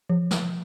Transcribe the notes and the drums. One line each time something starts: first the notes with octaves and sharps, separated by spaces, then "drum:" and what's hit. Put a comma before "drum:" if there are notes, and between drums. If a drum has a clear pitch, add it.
F3
drum: snare